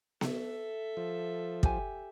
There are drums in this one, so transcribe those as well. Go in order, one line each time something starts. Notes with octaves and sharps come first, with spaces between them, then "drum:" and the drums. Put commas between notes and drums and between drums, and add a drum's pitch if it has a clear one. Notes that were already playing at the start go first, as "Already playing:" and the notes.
A4 E5, drum: snare B3
F3
G4 G#5, drum: kick